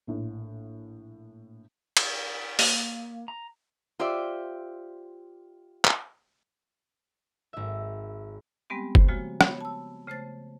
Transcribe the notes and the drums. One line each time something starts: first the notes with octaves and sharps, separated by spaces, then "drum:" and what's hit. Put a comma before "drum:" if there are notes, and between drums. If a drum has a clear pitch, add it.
A#1 A2
drum: cymbal
A#3, drum: open hi-hat
A#5
F4 G4 C5 D5 E5
drum: clap
G#1 E5
G3 G#3 B3 C4 G4
C5, drum: kick F#1
C#3 F3 G#3 A#3 F#4
B3 C#5, drum: rim click
A5 E6
C#3 A3 C5 A6